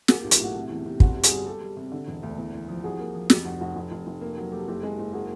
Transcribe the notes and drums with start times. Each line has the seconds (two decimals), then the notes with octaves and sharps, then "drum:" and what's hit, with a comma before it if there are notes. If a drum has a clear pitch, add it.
0.08 A#3 F#4 G#4, drum: snare
0.20 F4 G4
0.24 B1
0.31 F4 G4, drum: hi-hat
0.40 A2 F#4
0.55 C3
0.70 E2
0.86 C3
1.00 G1 F#4, drum: kick
1.15 G3
1.23 F#4 G#4, drum: hi-hat
1.31 G3
1.46 G3 G4 A4
1.61 G3
1.77 C3
1.92 D3
2.08 E1
2.23 D2
2.38 E2
2.53 E2
2.68 F3
2.84 C2 F#4 G#4
3.00 A#3
3.15 F3
3.30 F2 F4 G4, drum: snare
3.45 F1 F#4
3.61 F1 F#4
3.76 F1
3.92 F1
4.07 F1
4.21 A#3
4.38 F#3
4.52 A#3 G4 A4
4.68 F#1 G4 A4
4.83 G#3
4.99 F#1
5.13 A#3 F#4 G#4